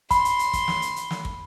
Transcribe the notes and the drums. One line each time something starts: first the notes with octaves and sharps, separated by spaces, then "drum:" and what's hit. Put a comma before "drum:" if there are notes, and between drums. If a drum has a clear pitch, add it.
B5 C6, drum: kick, hi-hat
drum: hi-hat
drum: hi-hat
drum: kick, hi-hat
drum: snare
drum: hi-hat
drum: hi-hat
drum: snare
drum: kick